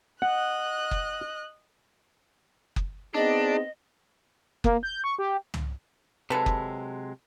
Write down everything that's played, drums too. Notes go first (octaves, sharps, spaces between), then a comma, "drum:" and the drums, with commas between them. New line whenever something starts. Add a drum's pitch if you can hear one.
D#5 F#5 F#6
drum: kick F#1
drum: kick F#1
B3 C4 D4 D#4 G#4 D#5
A#3, drum: kick F#1
G6
C#6
G4
drum: tom
C3 F#3 G#3 A4 B4
drum: kick F#1